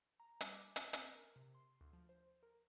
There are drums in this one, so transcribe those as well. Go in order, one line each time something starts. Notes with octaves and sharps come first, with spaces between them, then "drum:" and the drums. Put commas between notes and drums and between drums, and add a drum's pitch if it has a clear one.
A#5
G3, drum: hi-hat
D6
E7, drum: hi-hat
C4, drum: hi-hat
A#4
C3
C6
D2
F3
C5
A#4